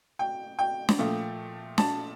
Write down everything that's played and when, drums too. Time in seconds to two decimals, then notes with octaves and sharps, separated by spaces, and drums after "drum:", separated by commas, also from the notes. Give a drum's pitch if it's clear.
0.19 G5
0.59 G5
0.89 drum: snare
0.98 A#2 F3 A3
1.78 A5, drum: snare